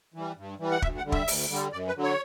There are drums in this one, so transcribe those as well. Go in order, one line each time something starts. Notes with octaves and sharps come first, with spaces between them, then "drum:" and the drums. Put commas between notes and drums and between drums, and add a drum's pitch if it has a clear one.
E3 G3
G2
E3 G3
F#5
D2 E5, drum: kick
F#5
D3 G3
E5, drum: kick
D2, drum: open hi-hat
D3 G3
F#2 D5
B4
D3 F#3
C#5